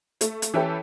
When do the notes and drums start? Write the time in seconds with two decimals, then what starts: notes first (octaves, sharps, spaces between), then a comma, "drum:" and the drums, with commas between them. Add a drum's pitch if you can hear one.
0.21 A3, drum: hi-hat
0.42 drum: hi-hat
0.54 E3 C#4 E4 G4 A4 B4